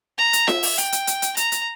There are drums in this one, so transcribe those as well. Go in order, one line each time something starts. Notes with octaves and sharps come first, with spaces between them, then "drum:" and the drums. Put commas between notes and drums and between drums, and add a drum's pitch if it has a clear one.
A#5
drum: hi-hat
E5, drum: snare F4
drum: open hi-hat
G5, drum: hi-hat
drum: hi-hat
drum: hi-hat
drum: hi-hat
A#5, drum: hi-hat
drum: hi-hat